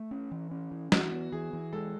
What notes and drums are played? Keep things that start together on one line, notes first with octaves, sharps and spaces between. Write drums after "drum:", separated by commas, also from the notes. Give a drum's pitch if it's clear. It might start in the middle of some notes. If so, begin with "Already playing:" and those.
Already playing: A3
C#4
E3
C#4
E3
E3 F#4, drum: snare
B3
E3 G#4
E3
G#3 A4